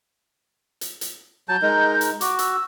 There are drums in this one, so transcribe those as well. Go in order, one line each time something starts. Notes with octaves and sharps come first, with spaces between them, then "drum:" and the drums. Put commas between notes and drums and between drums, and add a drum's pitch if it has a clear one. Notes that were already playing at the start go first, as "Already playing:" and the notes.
drum: hi-hat
drum: hi-hat
F#3 A5 G6
G#3 D#4 A#4
drum: hi-hat
F#4 D6, drum: hi-hat
E6, drum: hi-hat